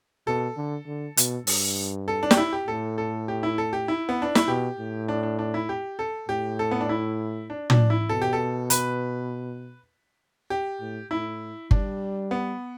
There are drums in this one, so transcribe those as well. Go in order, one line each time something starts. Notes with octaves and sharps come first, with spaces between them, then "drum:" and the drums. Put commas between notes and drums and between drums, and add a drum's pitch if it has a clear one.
B2 A4
D3
D3
B2, drum: hi-hat
G2, drum: open hi-hat
A4
D4
G4, drum: snare
E4
G4
A2 A4
A4
G4
E4
A4
G4
E4
B3
D4
E4, drum: snare
B2 G4
A2
D4
D4
D4
E4
G4
A4
A2 G4
A4
B3
D4
E4
D4
D4, drum: tom
E4
B2 A4
G4
A4
B4, drum: hi-hat
G4
A2
A2 E4
G3 D4, drum: kick G1
B3